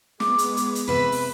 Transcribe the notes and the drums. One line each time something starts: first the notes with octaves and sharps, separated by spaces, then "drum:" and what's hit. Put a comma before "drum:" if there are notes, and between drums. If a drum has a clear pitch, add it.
G#3 B3 D6, drum: snare
drum: hi-hat
drum: hi-hat
drum: hi-hat
C3 B4 E5 B5
drum: open hi-hat